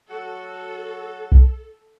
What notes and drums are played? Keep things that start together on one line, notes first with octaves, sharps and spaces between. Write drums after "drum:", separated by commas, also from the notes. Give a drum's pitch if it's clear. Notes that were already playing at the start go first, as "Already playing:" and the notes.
F#3 F#4 A4
drum: kick B1